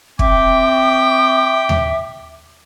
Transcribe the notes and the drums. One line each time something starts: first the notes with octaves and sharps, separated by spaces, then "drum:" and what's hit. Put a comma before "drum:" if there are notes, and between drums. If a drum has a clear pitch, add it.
C4 E5 G5 D6, drum: kick
drum: tom D#2